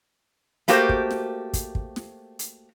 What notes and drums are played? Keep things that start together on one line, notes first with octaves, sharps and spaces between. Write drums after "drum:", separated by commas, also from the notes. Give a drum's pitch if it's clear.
A3 A#3 F#4 G4 A#4 C5, drum: hi-hat
drum: kick
drum: snare
drum: kick, hi-hat
drum: kick
drum: snare
drum: hi-hat